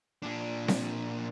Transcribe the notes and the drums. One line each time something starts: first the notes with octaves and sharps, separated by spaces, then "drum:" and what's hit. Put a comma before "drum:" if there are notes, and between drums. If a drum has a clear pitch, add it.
A#2 D4
drum: snare C4